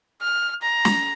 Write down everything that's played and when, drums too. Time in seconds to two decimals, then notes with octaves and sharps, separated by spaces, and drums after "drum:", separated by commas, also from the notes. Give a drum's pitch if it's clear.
0.21 F6
0.62 A#5
0.85 drum: snare